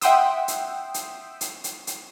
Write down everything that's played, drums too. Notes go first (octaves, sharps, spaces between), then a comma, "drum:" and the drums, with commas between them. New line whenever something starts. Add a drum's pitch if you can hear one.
E5 F#5 G5 C6 D#6 E6, drum: hi-hat
drum: hi-hat
drum: hi-hat
drum: hi-hat
drum: hi-hat
drum: hi-hat